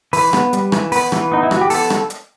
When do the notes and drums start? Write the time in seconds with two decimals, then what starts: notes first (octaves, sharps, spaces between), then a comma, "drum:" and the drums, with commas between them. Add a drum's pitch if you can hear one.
0.13 E3 B4, drum: open hi-hat
0.33 B3, drum: rim click
0.53 G3, drum: hi-hat
0.72 E3, drum: rim click
0.92 B3 B4, drum: open hi-hat
1.12 E3, drum: rim click
1.32 B3 D#4
1.43 E4
1.51 E3 F#4, drum: rim click
1.61 G4
1.70 B3 A4, drum: open hi-hat
1.90 drum: rim click
2.10 drum: hi-hat